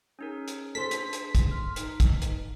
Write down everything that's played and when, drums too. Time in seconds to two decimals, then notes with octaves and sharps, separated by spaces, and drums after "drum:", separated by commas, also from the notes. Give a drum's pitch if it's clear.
0.19 C#4 D#4 G#4 A#4
0.48 drum: hi-hat
0.75 A4 C5 B6
0.91 D4, drum: hi-hat
1.13 drum: hi-hat
1.35 drum: kick, hi-hat
1.51 C6 F6
1.76 D#4, drum: hi-hat
2.00 drum: kick, hi-hat
2.22 drum: hi-hat